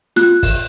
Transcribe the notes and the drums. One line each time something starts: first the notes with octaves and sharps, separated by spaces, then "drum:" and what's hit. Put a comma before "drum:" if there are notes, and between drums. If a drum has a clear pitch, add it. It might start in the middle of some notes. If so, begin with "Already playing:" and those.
F4 F#6, drum: snare
drum: kick, open hi-hat